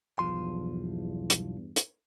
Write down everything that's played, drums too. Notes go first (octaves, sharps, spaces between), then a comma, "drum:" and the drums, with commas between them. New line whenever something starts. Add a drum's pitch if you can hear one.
B1 E2 G2 F3 C6
drum: hi-hat
drum: hi-hat